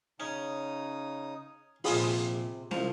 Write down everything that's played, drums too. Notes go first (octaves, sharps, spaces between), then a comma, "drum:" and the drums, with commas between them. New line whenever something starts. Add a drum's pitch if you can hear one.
C#3 C#4 D#4 D#6
A#1 C3 F4 G#4 B5 D#6, drum: open hi-hat
C2 F3, drum: snare